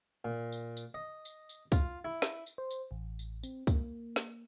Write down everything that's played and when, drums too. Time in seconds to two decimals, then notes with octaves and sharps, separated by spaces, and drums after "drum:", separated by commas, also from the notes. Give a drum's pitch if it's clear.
0.25 A#2
0.52 drum: tambourine
0.77 drum: tambourine
0.94 D#5
1.25 drum: tambourine
1.49 drum: tambourine
1.72 F4, drum: kick, tambourine
2.05 E4
2.22 drum: snare
2.46 drum: tambourine
2.58 C5
2.71 drum: tambourine
2.91 A1
3.19 drum: tambourine
3.43 C4, drum: tambourine
3.67 A#3, drum: kick, tambourine
4.16 drum: snare